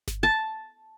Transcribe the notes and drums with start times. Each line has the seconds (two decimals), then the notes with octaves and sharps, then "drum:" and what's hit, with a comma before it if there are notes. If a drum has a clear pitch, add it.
0.08 drum: snare G1
0.23 A5